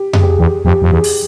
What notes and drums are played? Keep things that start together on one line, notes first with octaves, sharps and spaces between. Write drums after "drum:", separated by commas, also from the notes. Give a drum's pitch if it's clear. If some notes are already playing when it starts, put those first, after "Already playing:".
Already playing: G4
G#4, drum: tom F2
G4
G#4
E2 G4
F2 G4
F2
E2 G#4
drum: open hi-hat